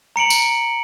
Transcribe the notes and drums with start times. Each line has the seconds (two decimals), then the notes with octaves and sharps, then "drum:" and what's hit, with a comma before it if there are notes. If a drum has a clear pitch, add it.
0.16 A#5 C#7 D7 F#7
0.30 drum: tambourine